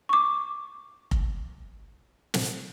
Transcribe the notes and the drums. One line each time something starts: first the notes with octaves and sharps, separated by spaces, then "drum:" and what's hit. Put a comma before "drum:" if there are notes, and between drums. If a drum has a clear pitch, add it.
C#6 D6
drum: kick F1
drum: snare